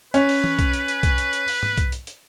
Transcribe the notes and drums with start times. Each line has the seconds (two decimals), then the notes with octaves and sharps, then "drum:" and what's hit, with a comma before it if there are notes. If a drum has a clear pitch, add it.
0.14 C#4 B4, drum: hi-hat
0.29 drum: open hi-hat
0.44 drum: tom E3
0.59 drum: kick B1, hi-hat
0.73 drum: hi-hat
0.88 drum: hi-hat
1.03 drum: kick B1, hi-hat
1.18 drum: hi-hat
1.33 drum: hi-hat
1.48 drum: open hi-hat
1.63 drum: tom G#2
1.77 drum: kick B1, hi-hat
1.92 drum: hi-hat
2.07 drum: hi-hat